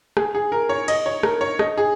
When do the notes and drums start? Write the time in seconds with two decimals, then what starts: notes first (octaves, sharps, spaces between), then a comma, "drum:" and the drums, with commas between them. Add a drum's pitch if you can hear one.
0.17 G#4, drum: rim click
0.35 G#4
0.52 A#4
0.69 C#5
0.88 D#5, drum: cymbal
1.06 C#5
1.23 A#4, drum: rim click
1.41 C#5
1.59 D#5, drum: rim click
1.77 G#4